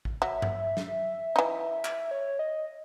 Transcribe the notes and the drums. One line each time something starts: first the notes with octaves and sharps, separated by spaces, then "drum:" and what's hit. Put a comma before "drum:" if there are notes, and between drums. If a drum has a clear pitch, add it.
drum: kick A1
F#3 E5
drum: tom G2
drum: snare
E3 D#4
drum: clap
C#5
D#5